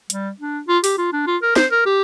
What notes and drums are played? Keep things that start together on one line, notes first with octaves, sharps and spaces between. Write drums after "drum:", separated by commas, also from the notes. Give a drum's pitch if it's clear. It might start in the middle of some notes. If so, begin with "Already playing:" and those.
G3, drum: hi-hat
D4
F4
G4, drum: open hi-hat
F4
D4
F4
A#4
C5, drum: snare
A#4
G4